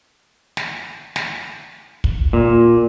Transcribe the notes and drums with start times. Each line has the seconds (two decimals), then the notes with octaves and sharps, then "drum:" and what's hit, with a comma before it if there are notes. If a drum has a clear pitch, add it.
0.57 drum: snare
1.16 drum: snare
2.04 drum: kick
2.33 A#2